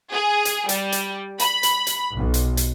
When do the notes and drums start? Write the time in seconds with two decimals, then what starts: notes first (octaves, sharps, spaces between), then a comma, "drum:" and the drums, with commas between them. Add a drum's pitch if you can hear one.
0.12 G#4
0.45 drum: hi-hat
0.69 G3, drum: hi-hat
0.92 drum: hi-hat
1.39 B5, drum: hi-hat
1.63 drum: hi-hat
1.87 drum: hi-hat
2.15 B1
2.34 drum: hi-hat
2.57 drum: hi-hat